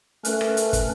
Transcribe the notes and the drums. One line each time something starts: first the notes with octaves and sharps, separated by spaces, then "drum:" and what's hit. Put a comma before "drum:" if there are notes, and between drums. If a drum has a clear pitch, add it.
A3 C#4 A#4 B4, drum: hi-hat
drum: rim click
drum: hi-hat
drum: kick, hi-hat